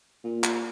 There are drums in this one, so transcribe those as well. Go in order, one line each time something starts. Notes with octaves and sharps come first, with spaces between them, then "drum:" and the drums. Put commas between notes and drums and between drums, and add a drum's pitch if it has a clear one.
A#2
drum: clap